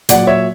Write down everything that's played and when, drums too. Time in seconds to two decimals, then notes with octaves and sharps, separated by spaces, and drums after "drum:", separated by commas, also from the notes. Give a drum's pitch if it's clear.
0.09 A#2 F#3 D5 F#5, drum: hi-hat
0.27 C#5 E5